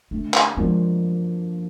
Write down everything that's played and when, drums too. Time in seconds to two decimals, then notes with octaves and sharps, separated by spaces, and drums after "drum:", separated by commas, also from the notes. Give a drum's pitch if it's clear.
0.11 D3 A3
0.34 drum: clap
0.57 F3 G#3 A#3 D4